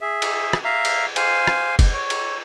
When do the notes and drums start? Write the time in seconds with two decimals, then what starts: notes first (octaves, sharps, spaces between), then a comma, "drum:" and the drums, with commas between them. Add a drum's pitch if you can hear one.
0.01 G#4 E5
0.22 drum: cymbal
0.53 drum: rim click
0.64 E5 F5 A#5
0.85 drum: cymbal
1.16 C5 F5 G#5, drum: cymbal
1.47 drum: rim click
1.79 drum: kick F#1, cymbal
1.93 C#5
2.10 drum: cymbal